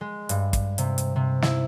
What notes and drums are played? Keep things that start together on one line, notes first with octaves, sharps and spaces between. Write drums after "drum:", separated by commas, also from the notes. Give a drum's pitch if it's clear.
G#3
G2, drum: hi-hat
drum: kick, hi-hat
C3, drum: hi-hat
drum: hi-hat
C3
E4, drum: snare